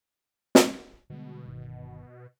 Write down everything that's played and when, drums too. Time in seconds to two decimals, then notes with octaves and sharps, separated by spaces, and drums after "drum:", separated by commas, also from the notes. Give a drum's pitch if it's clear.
0.55 drum: snare
1.10 B2 D3 G3 G#3
1.46 G1 D#3